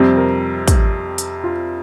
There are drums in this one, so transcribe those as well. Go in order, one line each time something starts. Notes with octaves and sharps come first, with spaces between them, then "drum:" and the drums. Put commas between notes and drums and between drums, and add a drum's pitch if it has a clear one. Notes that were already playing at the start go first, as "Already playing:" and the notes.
Already playing: F2 C3 G3 C4
A#4
drum: kick, hi-hat
drum: hi-hat
F4